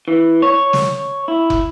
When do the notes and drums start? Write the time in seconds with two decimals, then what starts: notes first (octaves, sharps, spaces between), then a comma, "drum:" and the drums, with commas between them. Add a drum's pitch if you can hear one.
0.08 E3
0.42 C#5
0.73 drum: snare
1.28 E4
1.50 drum: kick